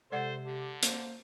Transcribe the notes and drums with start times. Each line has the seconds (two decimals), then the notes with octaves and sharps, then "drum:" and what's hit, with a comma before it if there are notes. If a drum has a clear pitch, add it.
0.12 C3 G#3 A4 C5 D5 F#5
0.46 D3 G4
0.83 A#3 C5, drum: hi-hat